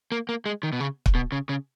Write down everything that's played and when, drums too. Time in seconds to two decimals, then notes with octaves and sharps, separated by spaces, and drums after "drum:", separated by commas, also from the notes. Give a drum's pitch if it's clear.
0.12 A#3
0.29 A#3
0.46 G#3
0.63 D#3
0.72 B2
0.80 C#3
1.06 drum: kick
1.15 B2
1.32 C#3
1.49 C#3